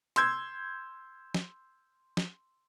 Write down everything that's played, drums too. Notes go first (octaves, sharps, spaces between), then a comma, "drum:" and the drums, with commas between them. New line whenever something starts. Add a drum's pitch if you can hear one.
C6 E6 G6 G#6, drum: hi-hat
drum: snare
drum: snare